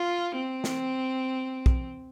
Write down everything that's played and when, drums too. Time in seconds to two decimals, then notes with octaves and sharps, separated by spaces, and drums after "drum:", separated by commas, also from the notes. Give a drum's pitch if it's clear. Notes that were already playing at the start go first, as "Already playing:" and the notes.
Already playing: F4
0.35 C4
0.64 drum: snare
1.66 drum: kick